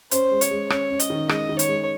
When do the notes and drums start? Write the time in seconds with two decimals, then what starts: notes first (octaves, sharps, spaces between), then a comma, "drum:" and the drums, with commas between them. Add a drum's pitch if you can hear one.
0.11 C#4 C5, drum: hi-hat
0.31 G#3
0.41 C#5, drum: hi-hat
0.51 G#3
0.70 C#4 C#5, drum: rim click
0.90 C#4
1.00 D#5, drum: hi-hat
1.10 D#3
1.29 G#3 D#5, drum: rim click
1.49 D#3
1.59 C#5, drum: hi-hat
1.69 G#3